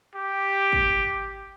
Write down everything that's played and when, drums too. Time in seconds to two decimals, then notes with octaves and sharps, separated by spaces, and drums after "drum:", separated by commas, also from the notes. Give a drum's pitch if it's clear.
0.15 G4
0.72 drum: kick